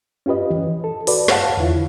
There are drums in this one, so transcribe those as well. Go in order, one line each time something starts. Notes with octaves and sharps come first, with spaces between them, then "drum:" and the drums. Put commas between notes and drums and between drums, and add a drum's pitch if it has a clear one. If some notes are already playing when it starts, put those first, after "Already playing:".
C#4 F4 G4 B4 D#5
E3
A4
F#4 A4 B4 D5, drum: open hi-hat
B4 C#5 F5 F#5 A5, drum: snare
E2 D3 E4 F4